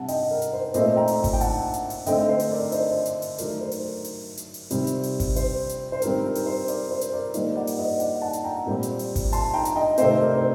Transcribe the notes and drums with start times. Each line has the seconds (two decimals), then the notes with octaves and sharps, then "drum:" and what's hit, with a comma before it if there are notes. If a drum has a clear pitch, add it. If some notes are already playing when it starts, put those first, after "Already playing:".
Already playing: C3 G3 C4 F#5 A5
0.08 D#5 G5, drum: open hi-hat
0.31 A#4
0.42 drum: hi-hat
0.53 C5
0.74 A#2 A3 C4 C5 D#5, drum: hi-hat
0.96 G5 A#5
1.08 drum: open hi-hat
1.24 drum: kick G#1, open hi-hat
1.33 G5
1.41 F#5 A5, drum: open hi-hat
1.74 drum: hi-hat
1.90 drum: open hi-hat
2.06 D3 A3 C4 D#5 G5, drum: hi-hat
2.28 C5
2.40 drum: open hi-hat
2.51 A#4 D5
2.72 C5 D#5, drum: open hi-hat
3.05 drum: hi-hat
3.22 drum: open hi-hat
3.38 D#3 F#3 A3 A#4 D5, drum: hi-hat
3.61 C5
3.71 drum: open hi-hat
3.82 A#4
4.04 drum: open hi-hat
4.37 drum: hi-hat
4.54 drum: open hi-hat
4.71 C3 D#3 G3 C4, drum: hi-hat
4.87 drum: hi-hat
5.03 drum: open hi-hat
5.20 drum: kick G#1, open hi-hat
5.36 C5, drum: open hi-hat
5.69 drum: hi-hat
5.92 C5
6.02 D#3 G3 C4 A#4, drum: hi-hat
6.25 A#4
6.35 drum: open hi-hat
6.46 C5
6.68 A#4 D5, drum: open hi-hat
6.91 C5
7.01 drum: hi-hat
7.12 A#4 D5
7.34 D#3 G3 A#3 C5 D#5, drum: hi-hat
7.56 D5 F#5
7.67 drum: open hi-hat
7.78 C5 D#5
8.00 D5 F#5, drum: open hi-hat
8.22 F#5 A5
8.33 drum: hi-hat
8.44 G5 A#5
8.66 A#2 G3 C4
8.83 drum: hi-hat
8.99 drum: open hi-hat
9.16 drum: kick G#1, open hi-hat
9.33 A5 C6, drum: open hi-hat
9.54 G5 A#5
9.65 drum: hi-hat
9.76 D#5 G5
9.98 C3 D#3 A3 C4 C5 D#5, drum: hi-hat
10.20 A#4 D5
10.37 C5